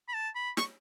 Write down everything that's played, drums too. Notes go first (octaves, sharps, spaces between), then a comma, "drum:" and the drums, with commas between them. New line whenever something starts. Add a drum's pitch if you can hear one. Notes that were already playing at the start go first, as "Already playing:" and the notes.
B5
A5
B5
C#6, drum: snare